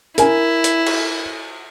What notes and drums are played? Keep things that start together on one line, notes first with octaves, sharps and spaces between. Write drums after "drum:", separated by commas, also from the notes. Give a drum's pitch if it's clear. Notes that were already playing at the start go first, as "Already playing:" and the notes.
E4 A#4 G#5, drum: hi-hat
drum: hi-hat
drum: cymbal